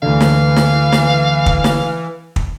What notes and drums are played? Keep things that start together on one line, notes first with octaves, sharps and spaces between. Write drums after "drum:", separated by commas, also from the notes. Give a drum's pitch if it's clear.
D2 D3 E3 F5
drum: snare
drum: snare
drum: snare
drum: kick
drum: snare
drum: kick